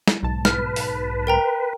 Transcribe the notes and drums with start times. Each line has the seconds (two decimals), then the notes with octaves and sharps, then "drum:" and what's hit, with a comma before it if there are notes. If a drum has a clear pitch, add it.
0.08 drum: snare
0.23 B1 G#2 A5
0.45 B4 F6, drum: snare
0.76 drum: open hi-hat
1.27 A#4 G5 A#5